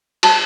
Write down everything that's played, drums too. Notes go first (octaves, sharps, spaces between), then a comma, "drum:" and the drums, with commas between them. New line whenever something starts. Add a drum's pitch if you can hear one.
F#4 C5 A5, drum: cymbal